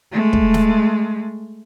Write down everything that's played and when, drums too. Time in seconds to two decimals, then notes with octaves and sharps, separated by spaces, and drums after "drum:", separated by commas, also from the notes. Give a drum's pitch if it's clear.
0.12 G#3 A3
0.33 drum: kick
0.54 drum: snare